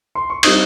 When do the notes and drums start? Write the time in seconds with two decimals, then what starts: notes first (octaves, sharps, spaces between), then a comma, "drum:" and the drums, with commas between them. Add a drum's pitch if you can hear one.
0.15 C6
0.30 C#6
0.43 G3 C4 D#4 D#6, drum: cymbal